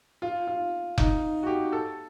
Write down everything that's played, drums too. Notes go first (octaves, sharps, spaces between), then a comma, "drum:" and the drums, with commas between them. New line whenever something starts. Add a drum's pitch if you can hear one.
F4
F4
D#4, drum: kick F1
F#4
G4
A4